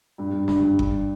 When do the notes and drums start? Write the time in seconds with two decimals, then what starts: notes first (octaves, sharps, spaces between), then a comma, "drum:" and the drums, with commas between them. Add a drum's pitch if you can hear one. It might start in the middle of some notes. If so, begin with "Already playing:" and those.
0.18 G2
0.33 G2
0.48 G2, drum: snare
0.63 G2
0.79 G2, drum: kick G1